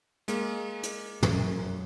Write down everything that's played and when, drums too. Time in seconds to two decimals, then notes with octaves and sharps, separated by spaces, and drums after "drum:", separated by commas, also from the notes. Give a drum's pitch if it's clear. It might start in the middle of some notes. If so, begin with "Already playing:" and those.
0.28 G#3 A#3, drum: hi-hat
0.83 drum: hi-hat
1.23 F#2, drum: tom